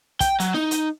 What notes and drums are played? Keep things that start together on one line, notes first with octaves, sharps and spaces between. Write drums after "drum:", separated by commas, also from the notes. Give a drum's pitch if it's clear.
G5, drum: kick, hi-hat
F#3, drum: hi-hat
D#4, drum: snare E4
drum: hi-hat